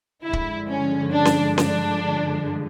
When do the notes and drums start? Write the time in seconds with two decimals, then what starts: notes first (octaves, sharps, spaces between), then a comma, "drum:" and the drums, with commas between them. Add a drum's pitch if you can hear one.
0.24 G2 D3 F3 G#3 E4
0.33 drum: kick
0.69 C#4
1.12 D4
1.25 drum: snare C#4
1.58 D4, drum: snare C#4